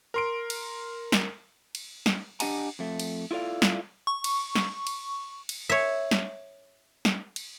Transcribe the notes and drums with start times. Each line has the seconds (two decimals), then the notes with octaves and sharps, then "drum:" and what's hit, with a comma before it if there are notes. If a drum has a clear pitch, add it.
0.14 A#4 C6 D7
0.50 drum: cymbal
1.12 drum: snare
1.75 drum: cymbal
2.06 drum: snare
2.40 D4 G4 D#5 F#5 G#5 A#5, drum: cymbal
2.79 F2 A3
3.00 drum: cymbal
3.31 E4 F4 A4 D5 F5
3.62 drum: snare
4.07 C#6
4.24 drum: cymbal
4.55 drum: snare
4.87 drum: cymbal
5.49 drum: cymbal
5.69 C#5 E5
6.11 drum: snare
7.05 drum: snare
7.36 drum: cymbal